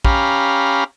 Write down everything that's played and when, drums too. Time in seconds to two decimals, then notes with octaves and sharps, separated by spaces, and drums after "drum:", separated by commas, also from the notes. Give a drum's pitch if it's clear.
0.05 C#4 G4 F5 A#5 B5, drum: kick